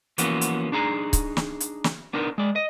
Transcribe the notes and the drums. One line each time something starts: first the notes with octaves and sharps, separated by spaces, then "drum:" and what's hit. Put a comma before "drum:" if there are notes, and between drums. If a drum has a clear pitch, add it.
E3 F3 A#3 B3 C#4 F#4, drum: hi-hat
drum: hi-hat
D4 D#4 G#4 A#5
drum: kick C#1, hi-hat
drum: snare
drum: hi-hat
drum: snare
B3 D4 D#4 A#4
G#3 D5
D#5